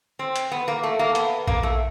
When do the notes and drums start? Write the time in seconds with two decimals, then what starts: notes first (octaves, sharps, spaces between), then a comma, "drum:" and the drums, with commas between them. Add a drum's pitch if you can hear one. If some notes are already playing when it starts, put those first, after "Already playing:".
0.19 C4
0.36 drum: hi-hat
0.52 B3
0.68 A#3
0.83 A3
0.99 A#3
1.15 B3, drum: hi-hat
1.47 A#3, drum: kick A#1
1.63 A3